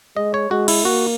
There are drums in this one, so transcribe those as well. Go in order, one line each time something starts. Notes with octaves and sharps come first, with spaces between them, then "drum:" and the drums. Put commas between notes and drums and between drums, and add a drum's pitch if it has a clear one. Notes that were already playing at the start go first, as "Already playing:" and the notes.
G#3 D#5
C#5
G#3 F#4
E4, drum: cymbal
A#3 F#4